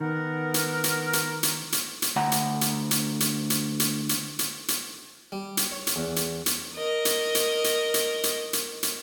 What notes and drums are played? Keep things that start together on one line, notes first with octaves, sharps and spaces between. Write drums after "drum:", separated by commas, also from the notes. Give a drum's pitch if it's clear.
D#3 B3 A#4 F#5
drum: hi-hat
drum: hi-hat
drum: hi-hat
drum: hi-hat
drum: hi-hat
drum: hi-hat
D2 F#5 A#5
drum: hi-hat
drum: hi-hat
drum: hi-hat
drum: hi-hat
drum: hi-hat
drum: hi-hat
drum: hi-hat
drum: hi-hat
drum: hi-hat
G3
drum: hi-hat
C#5
drum: hi-hat
E2
drum: hi-hat
drum: hi-hat
A#4 D#5
drum: hi-hat
drum: hi-hat
drum: hi-hat
drum: hi-hat
drum: hi-hat
drum: hi-hat
drum: hi-hat